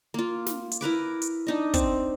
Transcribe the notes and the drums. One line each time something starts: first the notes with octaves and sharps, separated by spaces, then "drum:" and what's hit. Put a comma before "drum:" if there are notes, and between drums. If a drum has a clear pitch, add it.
A#3 F4
drum: snare
drum: hi-hat
E4 A#4 B4 D6
drum: hi-hat
D4 D#4 D#5
C4, drum: kick, hi-hat